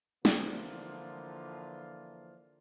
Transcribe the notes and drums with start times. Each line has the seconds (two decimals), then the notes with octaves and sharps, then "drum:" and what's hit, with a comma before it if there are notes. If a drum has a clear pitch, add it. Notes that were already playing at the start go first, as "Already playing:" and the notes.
0.25 D3 E3 F3 A#3 F4, drum: snare